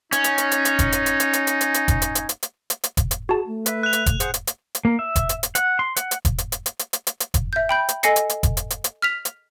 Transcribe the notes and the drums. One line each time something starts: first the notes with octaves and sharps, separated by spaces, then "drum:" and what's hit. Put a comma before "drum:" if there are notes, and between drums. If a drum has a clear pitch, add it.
C#4 D#4, drum: hi-hat
drum: hi-hat
drum: hi-hat
drum: hi-hat
drum: hi-hat
drum: kick F1, hi-hat
drum: hi-hat
drum: hi-hat
drum: hi-hat
drum: hi-hat
drum: hi-hat
drum: hi-hat
drum: hi-hat
drum: kick F1, hi-hat
drum: hi-hat
drum: hi-hat
drum: hi-hat
drum: hi-hat
drum: hi-hat
drum: hi-hat
drum: kick F1, hi-hat
drum: hi-hat
F#4 G#4 A5
A3
B4 E5, drum: hi-hat
F#6 F7
drum: hi-hat
drum: kick F1, hi-hat
G#4 C5 F#5, drum: hi-hat
drum: hi-hat
drum: hi-hat
drum: hi-hat
A#3
E5
drum: kick F1, hi-hat
drum: hi-hat
drum: hi-hat
F#5, drum: hi-hat
C6
F#5, drum: hi-hat
drum: hi-hat
drum: kick F1, hi-hat
drum: hi-hat
drum: hi-hat
drum: hi-hat
drum: hi-hat
drum: hi-hat
drum: hi-hat
drum: hi-hat
drum: kick F1, hi-hat
E5 G6
G5 B5 G6
drum: hi-hat
A4 D#5 G#5 A#6 C7 C#7, drum: hi-hat
drum: hi-hat
drum: hi-hat
drum: kick F1, hi-hat
drum: hi-hat
drum: hi-hat
drum: hi-hat
F6 B6 F7
drum: hi-hat